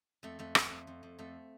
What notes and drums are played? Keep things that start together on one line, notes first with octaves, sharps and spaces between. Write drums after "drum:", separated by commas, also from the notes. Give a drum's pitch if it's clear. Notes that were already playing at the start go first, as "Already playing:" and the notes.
F2 A3
F2 A3
F2 A3, drum: rim click
F2
F2
F2
F2 A3